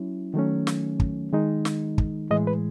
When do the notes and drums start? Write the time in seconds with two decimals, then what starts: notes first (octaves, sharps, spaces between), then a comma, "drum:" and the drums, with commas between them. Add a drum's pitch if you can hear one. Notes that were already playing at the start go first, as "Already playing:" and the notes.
Already playing: F#3 C#4 E4
0.34 D#3 F#3 A3 C#4
0.67 drum: snare
1.00 drum: kick
1.32 D#3 G#3 D#4
1.65 drum: snare
1.98 drum: kick
2.31 A2 E3 G#3 D#5
2.47 B4